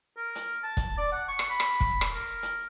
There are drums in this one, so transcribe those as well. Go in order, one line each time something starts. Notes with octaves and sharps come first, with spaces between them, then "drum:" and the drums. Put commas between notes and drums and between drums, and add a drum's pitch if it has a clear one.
A#4
drum: hi-hat
A5
drum: kick, hi-hat
D5
F#5
C#6
drum: rim click
B5
drum: rim click
drum: kick
drum: rim click
A#4
drum: hi-hat